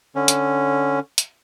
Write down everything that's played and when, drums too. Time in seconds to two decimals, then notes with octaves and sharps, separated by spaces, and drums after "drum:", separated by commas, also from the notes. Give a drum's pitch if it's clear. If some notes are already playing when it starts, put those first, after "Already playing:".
0.16 D3 C#4
0.28 drum: hi-hat
1.18 drum: hi-hat